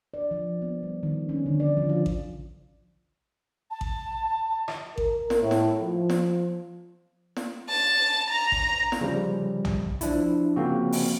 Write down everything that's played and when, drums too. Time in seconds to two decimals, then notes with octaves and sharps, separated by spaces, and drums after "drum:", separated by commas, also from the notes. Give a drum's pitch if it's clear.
0.14 D5
0.31 F3
0.62 B3
0.83 G3
1.03 D#3
1.29 C#4
1.46 D3
1.60 D5
1.77 F3
1.89 F4
2.06 drum: kick A1
3.71 A5
3.81 drum: kick A1
4.68 drum: rim click
4.98 A#4, drum: kick A1
5.30 drum: snare
5.41 A2
5.51 drum: snare
5.80 F3
6.10 drum: snare
7.36 drum: snare
7.69 A5
8.30 A#5
8.52 drum: kick A1
8.92 drum: snare
9.01 C#3 F3 G3
9.65 drum: tom B1
10.01 F3 D4 E4, drum: hi-hat
10.56 C#3 F3 A#3 C4 F#4
10.92 drum: open hi-hat